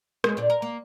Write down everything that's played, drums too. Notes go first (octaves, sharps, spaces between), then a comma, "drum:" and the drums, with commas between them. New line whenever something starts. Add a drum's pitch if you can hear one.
G#3, drum: rim click
A#2 D4
A#4
A#3